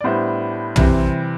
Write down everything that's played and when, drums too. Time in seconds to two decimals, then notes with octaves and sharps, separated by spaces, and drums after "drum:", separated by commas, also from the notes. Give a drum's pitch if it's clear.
0.01 D5
0.04 A2 G3 B3 D4 C5
0.76 C3 E3 G3 C4, drum: tom